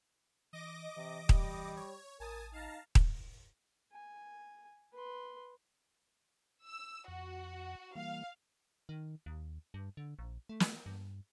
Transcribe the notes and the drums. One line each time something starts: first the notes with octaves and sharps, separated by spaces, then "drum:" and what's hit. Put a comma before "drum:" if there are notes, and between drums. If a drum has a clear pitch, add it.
E3 D#5 D6 A#6
C3 E3
G3, drum: kick D#1
C#5
A1 A#4 G#5 A5 D#6
D#4 F5 A5 A#5
drum: kick D#1
G#5
B4 C6
E6
F2 F#4
E3 G3 A#3 F5
D#3
D#2
G2
D3
A#1
A3
drum: snare
G2